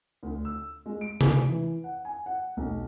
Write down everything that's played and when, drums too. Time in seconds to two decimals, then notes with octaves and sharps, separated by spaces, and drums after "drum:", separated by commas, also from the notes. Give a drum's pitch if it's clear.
0.23 D2
0.45 E6
0.86 G#3
1.01 D7
1.21 G#5, drum: tom C3
1.47 E3
1.84 F#5
2.05 G#5
2.26 F#5
2.57 B1